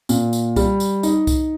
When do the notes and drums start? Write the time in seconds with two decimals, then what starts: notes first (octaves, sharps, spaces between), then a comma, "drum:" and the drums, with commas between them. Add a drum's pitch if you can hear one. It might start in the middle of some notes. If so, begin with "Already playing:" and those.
0.09 A#2, drum: tambourine
0.33 drum: tambourine
0.56 G3, drum: kick C2, tambourine
0.80 drum: tambourine
1.03 D#4, drum: tambourine
1.27 drum: kick C2, tambourine